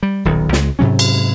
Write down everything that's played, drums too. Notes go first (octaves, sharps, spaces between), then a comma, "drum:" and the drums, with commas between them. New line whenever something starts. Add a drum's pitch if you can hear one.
G3
D#1 B1 D#3
C#2 G#3, drum: snare
G#2 C3 F#3 C#4
drum: cymbal